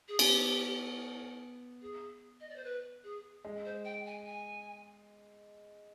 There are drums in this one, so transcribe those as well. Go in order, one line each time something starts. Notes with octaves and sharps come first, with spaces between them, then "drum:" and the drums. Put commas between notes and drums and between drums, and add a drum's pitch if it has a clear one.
G#4
B3 G4, drum: cymbal
G#4
D#5
D5
C5
B4
G#4
G#3
C5
G5
G#5
G#5